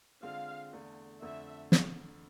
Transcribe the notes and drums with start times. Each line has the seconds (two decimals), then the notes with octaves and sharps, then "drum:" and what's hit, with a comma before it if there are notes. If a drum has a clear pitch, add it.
0.23 D3 G#3 C4 F4 F5
0.73 E2 D3 A3
1.22 F2 D3 A3 E5
1.72 drum: snare